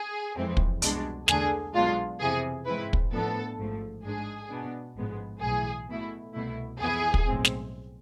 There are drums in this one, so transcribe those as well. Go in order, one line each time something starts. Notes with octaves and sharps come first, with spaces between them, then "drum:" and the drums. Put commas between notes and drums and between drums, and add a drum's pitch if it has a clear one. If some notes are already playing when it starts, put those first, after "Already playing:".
Already playing: G#4
F2 E3 G#3 C4
drum: kick
C2 B2 G#3 D4, drum: hi-hat
E2 D3 A3 D4 G#4, drum: snare
B1 B2 G#3 D4 F4
F2 C3 E3 G#4
G#2 E3 G#3 C4 E4 B4
drum: kick
A2 F3 B3 D4 A4
A1 G#2 F3 A3
G#2 G#3 D4 G#4
B2 B3 D4
A1 G#2 F3 G#3 B3
B1 A2 E3 G#4
B2 A3 E4
C2 B2 A3 E4
F2 E3 B3 E4 G#4
drum: kick
B1 A2 G#3 C4
drum: snare